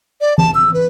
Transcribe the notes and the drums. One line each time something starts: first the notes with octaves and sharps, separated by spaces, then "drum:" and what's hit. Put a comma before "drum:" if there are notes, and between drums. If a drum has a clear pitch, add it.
D5
A5, drum: tom E3
E6
B4